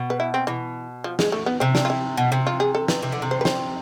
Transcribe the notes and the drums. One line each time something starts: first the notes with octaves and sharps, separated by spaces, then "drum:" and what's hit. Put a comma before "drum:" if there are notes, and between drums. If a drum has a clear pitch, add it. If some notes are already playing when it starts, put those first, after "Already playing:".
Already playing: B2
B4
E4
C4
B2 E3
F3
G#3, drum: snare
A3
B3
C3 C4
D4, drum: snare
F4
E4
B2
C3
F4
G#4
A4
B4, drum: snare
C3
D3
C3
C5
B4
C5, drum: snare